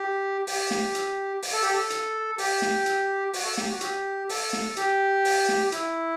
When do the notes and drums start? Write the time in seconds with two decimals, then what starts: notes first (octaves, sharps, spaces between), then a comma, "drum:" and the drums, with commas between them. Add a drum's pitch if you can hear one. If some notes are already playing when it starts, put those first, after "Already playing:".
Already playing: G4
0.47 G4, drum: open hi-hat
0.71 drum: snare
0.95 drum: hi-hat
1.42 drum: open hi-hat
1.53 A4
1.62 G4
1.73 A4
1.90 drum: hi-hat
2.38 G4, drum: open hi-hat
2.62 drum: snare
2.86 drum: hi-hat
3.33 F#4, drum: open hi-hat
3.45 A4
3.58 G4, drum: snare
3.70 F#4
3.81 G4, drum: hi-hat
4.29 A4, drum: open hi-hat
4.53 drum: snare
4.77 G4, drum: hi-hat
5.25 drum: open hi-hat
5.49 drum: snare
5.72 E4, drum: hi-hat